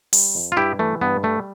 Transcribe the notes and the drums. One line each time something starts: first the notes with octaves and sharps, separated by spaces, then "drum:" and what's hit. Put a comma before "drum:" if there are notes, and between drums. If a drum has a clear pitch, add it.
G3, drum: open hi-hat
F2
F4
G2 E4 G4
E3 A3
G2 B3
G3 A3